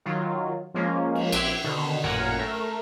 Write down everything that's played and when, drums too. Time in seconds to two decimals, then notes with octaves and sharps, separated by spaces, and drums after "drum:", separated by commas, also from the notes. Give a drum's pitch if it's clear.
0.06 D#3 F#3 F4
0.74 F3 G#3 A#3 C#4 F4
1.15 drum: cymbal
1.32 A#1 C4 E5 D6 F#6 G#6, drum: cymbal
1.64 B2 D3 D#3
2.04 A1 F#2 A#2 A#4 F#5 G#5
2.39 A3 A#4